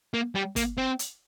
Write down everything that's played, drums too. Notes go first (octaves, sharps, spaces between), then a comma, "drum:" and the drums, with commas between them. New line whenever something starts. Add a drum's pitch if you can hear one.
A#3
G3
A#3, drum: kick, hi-hat
C4
drum: hi-hat